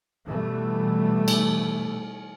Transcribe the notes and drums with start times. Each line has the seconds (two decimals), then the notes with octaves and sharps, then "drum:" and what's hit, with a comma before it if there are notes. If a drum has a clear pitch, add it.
0.25 B2 E3 G3 A3
1.28 drum: cymbal